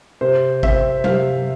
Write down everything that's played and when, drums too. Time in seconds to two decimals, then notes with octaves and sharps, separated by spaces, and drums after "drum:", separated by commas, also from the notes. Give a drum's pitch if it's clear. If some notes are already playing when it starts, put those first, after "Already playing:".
0.21 C3 C5
0.63 C4 E5, drum: kick
1.04 C3 F5, drum: tom F#3